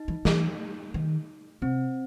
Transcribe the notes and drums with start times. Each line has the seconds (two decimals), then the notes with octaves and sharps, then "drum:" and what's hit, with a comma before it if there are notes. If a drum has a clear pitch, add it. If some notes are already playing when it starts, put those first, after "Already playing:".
Already playing: D#4
0.08 E3
0.25 E3, drum: snare
0.94 D#3
1.62 C3 C4